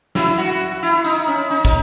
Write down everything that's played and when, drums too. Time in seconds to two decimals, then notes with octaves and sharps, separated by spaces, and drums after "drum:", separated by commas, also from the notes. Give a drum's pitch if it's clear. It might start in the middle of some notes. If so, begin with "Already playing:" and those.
0.15 E4, drum: snare
0.38 F#4
0.83 E4
1.04 D#4, drum: tambourine
1.27 C#4
1.50 D#4
1.65 drum: kick, tambourine